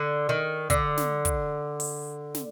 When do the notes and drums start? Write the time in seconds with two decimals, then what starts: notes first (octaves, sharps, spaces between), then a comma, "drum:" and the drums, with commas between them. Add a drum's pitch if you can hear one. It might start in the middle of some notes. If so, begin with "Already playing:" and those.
Already playing: D3
0.29 D#3
0.70 D3, drum: kick, hi-hat
0.97 drum: snare
1.25 drum: kick, hi-hat
1.80 drum: open hi-hat
2.34 drum: snare